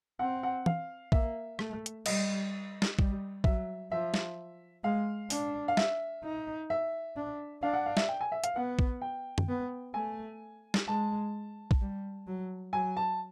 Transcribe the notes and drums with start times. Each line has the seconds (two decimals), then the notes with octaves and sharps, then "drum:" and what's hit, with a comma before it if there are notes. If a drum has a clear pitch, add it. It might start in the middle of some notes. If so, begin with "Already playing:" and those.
0.19 C4 F#5
0.43 F#5
0.66 F5, drum: tom
1.12 A#3 E5, drum: kick
1.59 A3, drum: rim click
1.86 drum: hi-hat
2.06 G3 D#5, drum: cymbal
2.82 drum: snare
2.99 G3, drum: kick
3.44 F#3 E5, drum: kick
3.91 F3 E5
4.14 drum: snare
4.84 G#3 F5
5.30 D4, drum: open hi-hat
5.68 F5
5.77 E5, drum: snare
6.24 D#4
6.70 E5
7.16 D4
7.63 D4 F5
7.73 F#5
7.86 F5
7.97 E5, drum: snare
8.09 G5
8.21 G#5
8.32 E5
8.44 F5, drum: hi-hat
8.56 B3 F#5
8.79 drum: kick
9.02 G5
9.38 drum: tom F#2
9.49 B3
9.94 A3 G#5
10.74 drum: snare
10.88 G#3 A5
11.71 drum: kick
11.81 G3
12.27 F#3
12.73 F#3 G#5
12.97 A5